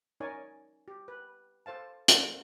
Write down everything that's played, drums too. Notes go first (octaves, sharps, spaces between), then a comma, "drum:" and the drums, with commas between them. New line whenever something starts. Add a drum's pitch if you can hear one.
C#4 D#4 A#4 C#5 D5 G#5
G4
B4
A4 C5 F5 A5
drum: hi-hat